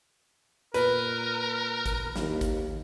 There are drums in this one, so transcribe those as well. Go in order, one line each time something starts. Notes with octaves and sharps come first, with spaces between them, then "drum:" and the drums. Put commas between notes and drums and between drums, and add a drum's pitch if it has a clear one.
A#2 A#4 B4, drum: hi-hat
drum: kick G#1, hi-hat
D#2, drum: snare
drum: kick G#1, hi-hat